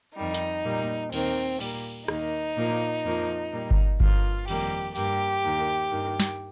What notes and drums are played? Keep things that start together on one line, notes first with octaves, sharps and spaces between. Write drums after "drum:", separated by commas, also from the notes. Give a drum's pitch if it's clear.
F2 D#3 G3 D#4
drum: hi-hat
A#2 G3 A#3
D#2 D#3 A#3 C4, drum: cymbal
A#2 G3 A#3, drum: cymbal
D#2 D#3 A#3 D#4, drum: rim click
A#2 F3 A#3
F2 F3 A#3
A#2 G3 A#3
drum: kick G1
G2 F3 A#3 F4, drum: kick G1
F2 D#3 G3 A#3 G4, drum: cymbal
G2 G3 A#3 G4, drum: open hi-hat
D#2 D#3 A#3
G2 D#3 A#3
drum: snare